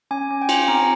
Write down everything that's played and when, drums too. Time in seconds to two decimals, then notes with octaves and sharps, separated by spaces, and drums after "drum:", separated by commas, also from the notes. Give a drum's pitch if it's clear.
0.11 C#4 G#5
0.30 C#4
0.42 G5
0.49 F4, drum: cymbal
0.55 G#5
0.68 C4 A#5